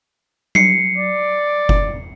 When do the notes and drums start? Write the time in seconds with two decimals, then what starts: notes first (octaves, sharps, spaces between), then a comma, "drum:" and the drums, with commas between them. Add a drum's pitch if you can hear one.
0.55 C7 C#7, drum: tom F#3
0.98 D5
1.69 drum: kick F#1